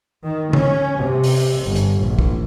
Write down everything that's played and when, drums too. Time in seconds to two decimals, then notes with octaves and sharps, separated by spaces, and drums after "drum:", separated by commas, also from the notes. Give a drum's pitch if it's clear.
0.24 D#3
0.53 C#4, drum: tom C#3
0.99 C3
1.24 drum: open hi-hat
1.66 G1
1.76 drum: hi-hat
2.05 A#1
2.19 drum: kick